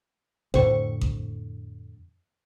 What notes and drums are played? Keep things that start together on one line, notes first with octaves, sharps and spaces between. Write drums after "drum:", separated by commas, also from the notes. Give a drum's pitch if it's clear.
F2 A2 D3 C4 C#6, drum: kick A1
drum: kick A1